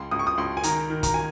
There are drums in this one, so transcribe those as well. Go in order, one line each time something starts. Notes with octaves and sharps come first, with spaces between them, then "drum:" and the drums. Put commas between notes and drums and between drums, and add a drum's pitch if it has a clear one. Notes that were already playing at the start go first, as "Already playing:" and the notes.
Already playing: C#2 C6
C#2 D#6
C#6
D#6
C#2 C6
G#5
D#3 A#5, drum: hi-hat
D#3
A#5, drum: kick, hi-hat
G#5